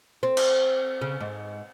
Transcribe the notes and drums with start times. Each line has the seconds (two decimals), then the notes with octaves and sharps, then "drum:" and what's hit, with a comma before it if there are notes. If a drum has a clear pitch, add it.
0.23 C4
0.37 drum: cymbal
1.01 C#3
1.21 G#2